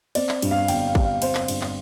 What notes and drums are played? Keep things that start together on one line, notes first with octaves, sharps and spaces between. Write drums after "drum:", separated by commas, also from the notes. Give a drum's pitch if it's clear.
C4 D5, drum: cymbal
drum: clap
G2, drum: cymbal
F5
G1 G5, drum: cymbal
F5
G3, drum: kick
F5
C4 C5, drum: cymbal
drum: clap
G2, drum: cymbal
drum: clap